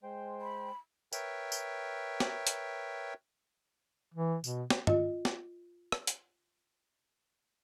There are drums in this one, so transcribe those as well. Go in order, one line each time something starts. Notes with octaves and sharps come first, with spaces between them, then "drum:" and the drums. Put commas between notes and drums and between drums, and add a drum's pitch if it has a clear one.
G#3 C5 G5
B5
A#4 B4 C#5 E5 G5, drum: tambourine
drum: tambourine
drum: snare
drum: hi-hat
E3
B2, drum: tambourine
drum: snare
F4 D#5, drum: tom
drum: snare
drum: rim click
drum: hi-hat